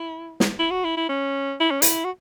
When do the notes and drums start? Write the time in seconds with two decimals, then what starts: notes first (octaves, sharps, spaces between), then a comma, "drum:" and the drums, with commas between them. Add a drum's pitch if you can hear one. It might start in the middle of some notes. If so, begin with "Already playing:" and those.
Already playing: E4
0.40 drum: snare
0.59 E4
0.71 F#4
0.84 E4
0.97 E4
1.09 C#4
1.60 E4
1.71 C#4
1.82 E4, drum: hi-hat
2.05 F#4